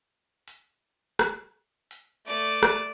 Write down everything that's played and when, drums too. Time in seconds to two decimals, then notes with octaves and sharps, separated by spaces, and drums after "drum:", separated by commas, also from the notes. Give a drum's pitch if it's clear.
0.48 drum: hi-hat
1.19 drum: rim click
1.91 drum: hi-hat
2.27 A3 D5
2.63 drum: rim click